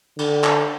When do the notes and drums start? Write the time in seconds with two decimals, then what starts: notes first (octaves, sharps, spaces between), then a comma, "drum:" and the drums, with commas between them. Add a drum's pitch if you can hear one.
0.19 D3, drum: cymbal
0.44 drum: clap